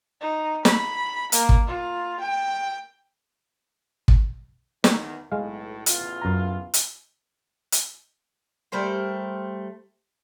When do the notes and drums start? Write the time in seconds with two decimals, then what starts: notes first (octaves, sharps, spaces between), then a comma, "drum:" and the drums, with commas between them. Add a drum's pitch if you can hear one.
0.21 D#4
0.65 B5, drum: snare
1.32 A#3, drum: hi-hat
1.49 drum: kick
1.67 F4
2.20 G5
4.08 drum: kick
4.84 E2 D#3, drum: snare
5.32 B1 A2 G#3 F5
5.86 A1 E2 F4, drum: hi-hat
6.22 F#2 A#5
6.74 drum: hi-hat
7.72 drum: hi-hat
8.72 G3 A3 A#4 C5